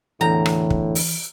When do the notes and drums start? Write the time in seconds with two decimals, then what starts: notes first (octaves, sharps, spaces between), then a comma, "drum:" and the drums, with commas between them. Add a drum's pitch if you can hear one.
0.21 E2 A2 D3 E3 G5 A#5
0.46 drum: rim click
0.70 drum: kick
0.95 drum: open hi-hat